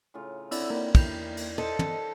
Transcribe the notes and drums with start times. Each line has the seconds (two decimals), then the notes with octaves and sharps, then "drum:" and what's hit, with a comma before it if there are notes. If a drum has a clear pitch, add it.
0.14 A2 C#3 F4
0.51 D3 C4 E4 D5 E6, drum: cymbal
0.70 D#3 G3 A#3
0.95 E2 E4 G6, drum: kick, cymbal
1.37 drum: cymbal
1.58 A4 C5 D#5
1.79 drum: tom